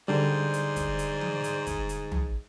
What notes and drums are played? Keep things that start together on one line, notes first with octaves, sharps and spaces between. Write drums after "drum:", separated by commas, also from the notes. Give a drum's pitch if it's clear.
G#2 D3 G3 C5 D5 C6
drum: hi-hat
drum: kick, hi-hat
drum: hi-hat
drum: tom E3
drum: hi-hat
drum: kick, hi-hat
drum: hi-hat
drum: tom